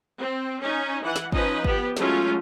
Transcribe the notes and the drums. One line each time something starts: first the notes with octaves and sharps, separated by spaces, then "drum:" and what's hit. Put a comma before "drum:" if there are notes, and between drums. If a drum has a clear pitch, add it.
C4
C#4 D#4
E3 F#5
drum: snare
F3 C#4 D#4 B4 D#5, drum: kick
B3 G4, drum: kick
F#3 G#3 A3 C#4 F4, drum: snare